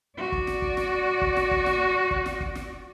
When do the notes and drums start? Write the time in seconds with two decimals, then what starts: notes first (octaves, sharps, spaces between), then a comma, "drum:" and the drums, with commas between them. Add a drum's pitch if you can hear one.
0.17 F#4 D5
0.32 drum: kick
0.47 drum: snare
0.62 drum: kick
0.77 drum: snare
1.21 drum: kick
1.36 drum: snare
1.51 drum: kick
1.66 drum: snare
2.11 drum: kick
2.26 drum: snare
2.40 drum: kick
2.55 drum: snare